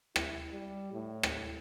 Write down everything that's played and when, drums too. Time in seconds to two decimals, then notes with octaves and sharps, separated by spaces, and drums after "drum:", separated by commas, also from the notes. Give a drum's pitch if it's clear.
0.16 E4, drum: rim click
0.50 G3
0.93 A2
1.23 drum: rim click